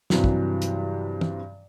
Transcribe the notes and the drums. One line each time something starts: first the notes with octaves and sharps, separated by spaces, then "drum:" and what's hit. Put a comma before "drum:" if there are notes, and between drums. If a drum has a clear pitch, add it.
G2 C3 E3 F#3, drum: snare
drum: kick
drum: hi-hat
drum: tom